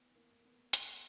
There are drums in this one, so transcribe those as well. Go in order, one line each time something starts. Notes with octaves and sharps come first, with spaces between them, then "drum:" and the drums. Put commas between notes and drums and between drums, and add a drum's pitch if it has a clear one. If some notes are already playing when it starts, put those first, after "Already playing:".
Already playing: A2 B3
E3
A#3
A2
B3
drum: hi-hat